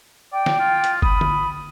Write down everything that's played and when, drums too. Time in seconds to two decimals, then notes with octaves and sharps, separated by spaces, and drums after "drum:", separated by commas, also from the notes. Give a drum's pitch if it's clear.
0.32 D5 G5
0.46 drum: snare
0.60 F4
0.84 drum: hi-hat
1.02 B5 D#6, drum: kick G1
1.21 drum: tom D3